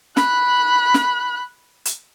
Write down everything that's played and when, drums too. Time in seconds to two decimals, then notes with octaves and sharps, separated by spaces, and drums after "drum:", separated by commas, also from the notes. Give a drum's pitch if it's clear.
0.17 B5 F#6, drum: snare
0.94 drum: snare
1.85 drum: hi-hat